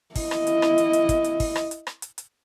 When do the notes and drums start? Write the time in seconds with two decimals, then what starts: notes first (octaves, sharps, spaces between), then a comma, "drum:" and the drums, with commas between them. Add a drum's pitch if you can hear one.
0.16 E4 D#5, drum: kick, open hi-hat
0.31 drum: rim click
0.47 drum: hi-hat
0.62 drum: rim click
0.78 drum: hi-hat
0.93 drum: hi-hat
1.09 drum: kick, hi-hat
1.24 drum: hi-hat
1.40 drum: kick, open hi-hat
1.56 drum: rim click
1.71 drum: hi-hat
1.87 drum: rim click
2.02 drum: hi-hat
2.18 drum: hi-hat